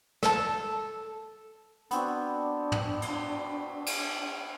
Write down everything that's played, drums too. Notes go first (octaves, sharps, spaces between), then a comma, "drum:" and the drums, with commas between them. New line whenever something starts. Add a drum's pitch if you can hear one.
A4 A5, drum: snare
B3 C4 D4 F#4, drum: hi-hat
drum: tom
drum: cymbal
drum: cymbal